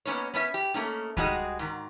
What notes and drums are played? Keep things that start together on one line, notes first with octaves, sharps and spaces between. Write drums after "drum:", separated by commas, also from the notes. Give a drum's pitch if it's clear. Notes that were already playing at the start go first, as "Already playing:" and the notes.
A#3 B3 C#4 D#4 C#5
B3 C#4 D4 E5
G4
A3 A#3 C#4 D#4
G3 G#3 D#4 F#4 G#4 D#5, drum: kick C#2
G#2 D#3